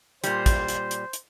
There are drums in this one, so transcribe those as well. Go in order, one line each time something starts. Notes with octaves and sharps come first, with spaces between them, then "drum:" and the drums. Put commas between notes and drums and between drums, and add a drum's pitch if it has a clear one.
A#2 G3 C5, drum: hi-hat
drum: kick, hi-hat
drum: hi-hat
drum: hi-hat
drum: hi-hat